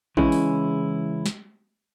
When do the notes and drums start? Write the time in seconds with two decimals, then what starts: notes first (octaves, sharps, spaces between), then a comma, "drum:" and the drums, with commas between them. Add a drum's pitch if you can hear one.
0.17 C#3 E3 G#3 C#4 E4, drum: kick A1
0.32 drum: open hi-hat
1.26 drum: snare